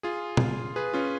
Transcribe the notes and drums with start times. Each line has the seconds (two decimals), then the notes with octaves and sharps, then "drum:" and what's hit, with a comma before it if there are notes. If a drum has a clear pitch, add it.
0.03 F4 G#4
0.37 drum: tom
0.76 G#4 B4
0.94 C#4 F4